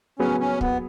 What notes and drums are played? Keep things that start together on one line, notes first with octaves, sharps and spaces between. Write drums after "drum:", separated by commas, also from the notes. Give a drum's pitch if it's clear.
F#3 B3 C#4 G#4
C#4
B3, drum: kick